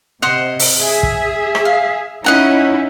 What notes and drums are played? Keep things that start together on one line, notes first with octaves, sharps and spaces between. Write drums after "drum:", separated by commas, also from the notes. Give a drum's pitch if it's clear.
C3 C5 D#5 F#5
drum: open hi-hat
G#4 E5
drum: kick
drum: rim click
F5
C#4 D#4 E4 D#5 F#5 A#5